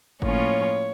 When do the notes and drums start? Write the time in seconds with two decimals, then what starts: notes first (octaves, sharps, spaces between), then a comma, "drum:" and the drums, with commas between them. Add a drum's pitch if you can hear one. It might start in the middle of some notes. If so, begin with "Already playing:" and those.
0.22 A2 F3 A#3 C#4 F4 C#5, drum: kick G1